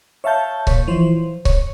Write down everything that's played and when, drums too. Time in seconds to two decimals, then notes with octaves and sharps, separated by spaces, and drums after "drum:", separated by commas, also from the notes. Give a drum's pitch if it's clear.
0.24 C#5 E5 F5 A5 G6
0.67 A#2 C#5, drum: kick C#1
0.87 E3 F3 C5
1.45 C#5, drum: kick C#1